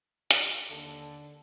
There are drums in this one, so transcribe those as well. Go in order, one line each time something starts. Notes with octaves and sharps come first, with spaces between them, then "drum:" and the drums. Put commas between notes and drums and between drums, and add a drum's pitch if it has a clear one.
drum: hi-hat
D#2 D3 A4